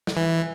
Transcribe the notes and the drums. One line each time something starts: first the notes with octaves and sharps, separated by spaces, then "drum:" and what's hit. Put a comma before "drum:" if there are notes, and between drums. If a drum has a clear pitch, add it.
drum: snare
E3